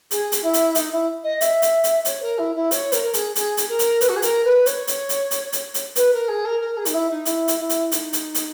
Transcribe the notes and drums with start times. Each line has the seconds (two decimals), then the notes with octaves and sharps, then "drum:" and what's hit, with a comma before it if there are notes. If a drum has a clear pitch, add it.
0.11 G#4, drum: hi-hat
0.32 drum: hi-hat
0.42 E4
0.53 drum: hi-hat
0.75 D#4, drum: hi-hat
0.91 E4
1.23 D#5
1.41 E5, drum: hi-hat
1.62 drum: hi-hat
1.84 drum: hi-hat
2.05 C#5, drum: hi-hat
2.22 A#4
2.38 E4
2.55 E4
2.71 C#5, drum: hi-hat
2.92 A#4, drum: hi-hat
3.03 A#4
3.14 G#4, drum: hi-hat
3.35 G#4, drum: hi-hat
3.57 drum: hi-hat
3.69 A#4
3.79 drum: hi-hat
4.01 B4, drum: hi-hat
4.08 F#4
4.16 G#4
4.22 A#4, drum: hi-hat
4.44 B4
4.66 C#5, drum: hi-hat
4.87 drum: hi-hat
5.09 drum: hi-hat
5.31 drum: hi-hat
5.52 drum: hi-hat
5.74 drum: hi-hat
5.96 B4, drum: hi-hat
6.12 A#4
6.28 G#4
6.45 A#4
6.60 A#4
6.77 G#4
6.85 D#4, drum: hi-hat
6.94 E4
7.10 D#4
7.25 E4, drum: hi-hat
7.48 drum: hi-hat
7.59 E4
7.69 drum: hi-hat
7.92 D#4, drum: hi-hat
8.13 drum: hi-hat
8.34 drum: hi-hat